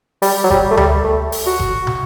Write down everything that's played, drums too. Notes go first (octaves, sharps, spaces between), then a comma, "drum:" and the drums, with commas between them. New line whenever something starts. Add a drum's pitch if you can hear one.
G3, drum: open hi-hat
F#3
G3, drum: kick F#1
A3
G3, drum: tom D2
A3
drum: open hi-hat
F#4
drum: kick F#1
drum: tom